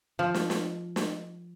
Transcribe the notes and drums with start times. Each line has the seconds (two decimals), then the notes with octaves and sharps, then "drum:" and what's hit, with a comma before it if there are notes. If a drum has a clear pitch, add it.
0.19 F3
0.34 drum: snare
0.50 drum: snare
0.96 drum: snare